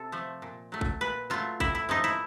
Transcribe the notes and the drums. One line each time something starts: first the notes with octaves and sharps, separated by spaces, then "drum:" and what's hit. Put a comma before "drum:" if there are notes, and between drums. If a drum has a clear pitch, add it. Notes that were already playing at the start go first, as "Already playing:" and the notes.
Already playing: C3 A4
F3 A3
A#2
F#3 A3
drum: kick A1
A#2 B4
F#3 A3 F4
A2 E4, drum: kick A1
E4
F3 A3 D#4
E4